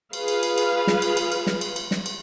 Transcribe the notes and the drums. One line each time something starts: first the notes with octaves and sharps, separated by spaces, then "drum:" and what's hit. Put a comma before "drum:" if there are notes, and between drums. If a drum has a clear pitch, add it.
F4 G#4 B4 F5, drum: cymbal
drum: cymbal
drum: cymbal
drum: cymbal
drum: snare
drum: cymbal
drum: cymbal
drum: cymbal
drum: snare
drum: cymbal
drum: cymbal
drum: snare
drum: cymbal